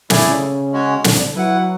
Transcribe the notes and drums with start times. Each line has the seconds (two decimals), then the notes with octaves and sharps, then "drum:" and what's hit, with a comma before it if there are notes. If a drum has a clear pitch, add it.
0.10 D3 A3 E4 G#4 D5 G#5, drum: snare
0.26 C#3
0.73 G#3 C#4 F#4 C#5
1.04 D3, drum: snare
1.35 F#3 E4 B4 F#5